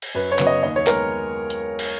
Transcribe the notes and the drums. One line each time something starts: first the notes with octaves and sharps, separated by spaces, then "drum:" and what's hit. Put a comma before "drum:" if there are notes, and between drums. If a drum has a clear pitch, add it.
drum: cymbal
F#2 B4
C#5
C#3 F#3 B3, drum: clap
D#5
D#2 D#5
C#5
G#3 B3 A#4, drum: clap
drum: hi-hat
drum: cymbal